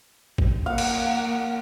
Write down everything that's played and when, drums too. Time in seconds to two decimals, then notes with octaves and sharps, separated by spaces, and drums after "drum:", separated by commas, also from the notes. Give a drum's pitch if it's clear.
0.38 drum: kick
0.66 A#3 F5 F#5
0.78 drum: cymbal